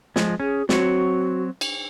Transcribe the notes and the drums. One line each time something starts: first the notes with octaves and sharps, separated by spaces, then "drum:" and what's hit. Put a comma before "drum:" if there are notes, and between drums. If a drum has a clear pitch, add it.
F3 G#3, drum: snare
C#4 G#4
F#3 C4 F#4 C#5, drum: snare
drum: cymbal